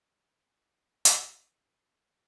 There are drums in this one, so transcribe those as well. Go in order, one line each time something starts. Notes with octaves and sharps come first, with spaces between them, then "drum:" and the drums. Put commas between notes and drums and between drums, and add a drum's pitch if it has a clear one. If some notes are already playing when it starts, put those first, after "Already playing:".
G#4
drum: hi-hat